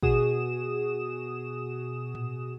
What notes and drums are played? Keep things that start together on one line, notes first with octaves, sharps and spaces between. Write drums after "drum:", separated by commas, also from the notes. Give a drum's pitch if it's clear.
B2 F#4 G#4 D#6 E7, drum: kick
drum: tom A2